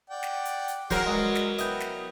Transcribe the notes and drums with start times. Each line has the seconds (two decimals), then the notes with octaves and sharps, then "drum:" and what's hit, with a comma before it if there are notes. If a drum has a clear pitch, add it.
0.10 D5 F#5 G5
0.23 drum: snare
0.45 drum: hi-hat
0.68 drum: hi-hat
0.90 F#3 G#4 A#4 C5 F#5, drum: kick D1, hi-hat
1.06 G#3 F#4 B4 D5
1.36 drum: snare
1.59 B3 E4 B4 D#5 G5, drum: hi-hat
1.81 drum: snare